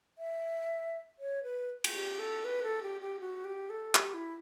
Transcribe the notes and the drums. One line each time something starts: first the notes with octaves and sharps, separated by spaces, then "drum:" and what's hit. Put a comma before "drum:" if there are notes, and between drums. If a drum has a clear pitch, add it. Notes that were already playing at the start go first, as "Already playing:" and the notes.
E5
C#5
B4
drum: cymbal
G4
A4
B4
A4
G4
G4
F#4
G4
A4
G4, drum: clap
E4